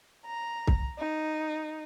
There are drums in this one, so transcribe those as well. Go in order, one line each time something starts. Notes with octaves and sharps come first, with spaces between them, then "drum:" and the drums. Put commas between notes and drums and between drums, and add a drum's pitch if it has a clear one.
A#5
drum: kick C2
D#4